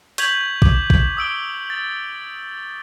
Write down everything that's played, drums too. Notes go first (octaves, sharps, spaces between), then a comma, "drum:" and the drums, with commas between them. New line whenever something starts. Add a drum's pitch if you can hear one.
C#6 G6 G#6 B6 F7 F#7, drum: hi-hat
D6, drum: kick
drum: kick
D#6 E6 D7 G7
A6